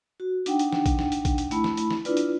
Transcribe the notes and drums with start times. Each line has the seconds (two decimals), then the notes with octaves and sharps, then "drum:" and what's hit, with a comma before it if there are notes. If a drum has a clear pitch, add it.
0.20 F#4
0.46 D4 D#4 F#5 G5, drum: hi-hat
0.59 drum: hi-hat
0.73 drum: snare
0.86 drum: kick A#1, hi-hat
0.99 drum: snare
1.12 drum: hi-hat
1.25 drum: kick A#1, hi-hat
1.38 drum: hi-hat
1.51 A3 E4 B5, drum: hi-hat
1.64 drum: snare
1.77 drum: hi-hat
1.91 drum: snare
2.05 D4 E4 F4 B4 D5, drum: hi-hat
2.17 drum: hi-hat